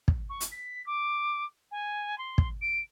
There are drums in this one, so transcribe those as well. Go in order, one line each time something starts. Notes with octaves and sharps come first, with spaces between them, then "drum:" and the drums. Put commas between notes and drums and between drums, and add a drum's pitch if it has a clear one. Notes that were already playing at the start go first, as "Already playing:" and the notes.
drum: kick
C#6
drum: hi-hat
B6
D6
G#5
C6
drum: kick
D7